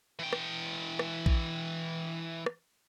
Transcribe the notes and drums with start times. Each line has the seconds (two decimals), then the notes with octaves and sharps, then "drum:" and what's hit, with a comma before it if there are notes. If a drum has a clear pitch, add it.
0.19 E3 G5
0.33 drum: rim click
0.99 drum: rim click
1.26 drum: kick A#1
2.46 drum: rim click